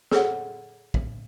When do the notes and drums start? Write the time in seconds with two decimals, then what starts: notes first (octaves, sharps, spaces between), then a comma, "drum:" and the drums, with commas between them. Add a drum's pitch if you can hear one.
0.11 G#4 A4 C#5 F#5, drum: snare
0.94 drum: kick